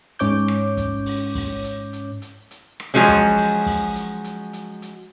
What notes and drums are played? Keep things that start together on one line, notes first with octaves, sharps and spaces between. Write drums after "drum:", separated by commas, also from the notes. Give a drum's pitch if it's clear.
G#2 C#4 C#5 D6 G6, drum: hi-hat
drum: rim click
drum: kick, hi-hat
drum: open hi-hat
drum: kick, open hi-hat
drum: hi-hat
drum: hi-hat
drum: hi-hat
drum: hi-hat
drum: rim click
F3 F#3 G#3 C#4
drum: kick, hi-hat
drum: open hi-hat
drum: kick, open hi-hat
drum: hi-hat
drum: hi-hat
drum: hi-hat
drum: hi-hat